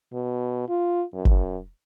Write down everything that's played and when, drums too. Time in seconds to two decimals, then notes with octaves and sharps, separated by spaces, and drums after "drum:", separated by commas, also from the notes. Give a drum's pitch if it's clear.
0.13 B2
0.69 F4
1.14 F#2
1.25 drum: kick G1